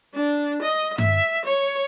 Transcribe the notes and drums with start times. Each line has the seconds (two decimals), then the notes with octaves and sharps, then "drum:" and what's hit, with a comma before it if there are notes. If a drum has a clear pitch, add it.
0.14 D4
0.62 D#5
0.98 E5, drum: tom G2
1.45 C#5